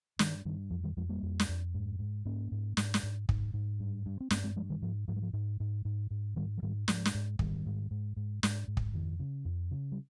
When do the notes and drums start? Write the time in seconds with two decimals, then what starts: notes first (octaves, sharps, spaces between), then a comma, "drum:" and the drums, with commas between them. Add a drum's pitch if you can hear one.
0.19 G2 D#3, drum: snare
0.45 G2 D#3
0.70 F2 F3
0.83 D#3 G3
0.97 F2 F3 G#3
1.09 G3 A#3
1.23 F2
1.40 drum: snare
1.49 F2
1.74 G#2
1.99 G#2
2.25 G#2 A#3 C#4
2.52 G#2
2.77 G#2, drum: snare
2.94 drum: snare
3.03 G#2
3.29 G#2, drum: kick
3.54 G#2
3.80 G2
4.06 G2
4.20 C4
4.30 G2 A#3 C#4, drum: snare
4.43 G#3 C4
4.56 G2 F3 G#3
4.70 D#3 G3
4.82 G#2 F3
5.08 G#2 F3
5.16 G3
5.22 F3
5.33 G#2
5.60 G#2
5.85 G#2
6.11 G#2
6.36 G#2 D#3 G3
6.58 F3
6.62 G#2 D#3 G3
6.88 G#2 F3 G#3, drum: snare
7.05 drum: snare
7.15 G#2
7.39 G#2 D#3 G3, drum: kick
7.66 G#2
7.91 G#2
8.17 G#2
8.43 G#2, drum: snare
8.68 G#2
8.77 drum: kick
8.94 F2 D#3
9.20 C#3
9.45 F2
9.71 C#3
9.92 G3